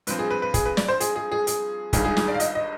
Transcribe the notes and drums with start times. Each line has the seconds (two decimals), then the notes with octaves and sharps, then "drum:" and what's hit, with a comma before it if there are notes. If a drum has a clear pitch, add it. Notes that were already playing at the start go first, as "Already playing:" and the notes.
0.07 G2 F3 C4 B4, drum: hi-hat
0.19 G#4
0.30 B4
0.42 B4
0.54 G#4, drum: kick, hi-hat
0.65 B4
0.77 D5, drum: snare
0.88 C5
1.00 G#4, drum: hi-hat
1.16 G#4
1.32 G#4
1.47 G#4, drum: hi-hat
1.93 G#1 G2 D#3 G3 G#4, drum: kick, hi-hat
2.05 G#4
2.17 G#4, drum: snare
2.28 D5
2.34 F5
2.40 D#5, drum: hi-hat
2.55 D#5